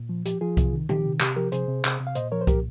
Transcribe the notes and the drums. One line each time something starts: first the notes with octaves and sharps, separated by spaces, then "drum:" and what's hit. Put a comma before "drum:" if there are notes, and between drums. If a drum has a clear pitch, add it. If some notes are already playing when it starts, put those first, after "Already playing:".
Already playing: A#2
F3
F3 G4, drum: hi-hat
F3 F4 G#4
C3, drum: kick C2, hi-hat
D#3
D#3 G4, drum: tom A#2
C3
C3 G4, drum: clap
F3 G4 A#4
C3 G#4 C5, drum: hi-hat
C3
C3, drum: clap
C3
F5
A#2 C5 D#5, drum: hi-hat
F3 A#4 C#5
C5
A#2 G4 A#4, drum: kick C2, hi-hat